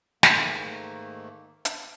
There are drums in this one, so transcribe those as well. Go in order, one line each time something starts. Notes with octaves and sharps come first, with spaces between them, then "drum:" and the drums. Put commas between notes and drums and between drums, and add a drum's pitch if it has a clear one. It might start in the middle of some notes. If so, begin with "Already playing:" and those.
G#2 D#3 A3 A#3, drum: snare
drum: hi-hat